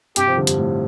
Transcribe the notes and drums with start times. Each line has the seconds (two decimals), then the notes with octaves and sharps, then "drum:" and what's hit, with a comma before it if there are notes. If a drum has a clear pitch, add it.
0.16 G2 C3 G4, drum: hi-hat
0.27 C3 F3
0.36 D3 G3
0.47 G2, drum: hi-hat
0.58 A2